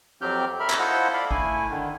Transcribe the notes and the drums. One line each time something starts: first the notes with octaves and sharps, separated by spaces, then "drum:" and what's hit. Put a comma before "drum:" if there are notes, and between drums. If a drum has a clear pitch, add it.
F2 F#3 C4 G4 F6 G6
A#4 E5 B5 F6
drum: clap
E4 F4 A4 C5 D#5 F#5
D5 F5 B5
A3 E4 G#5, drum: kick
D3 D#3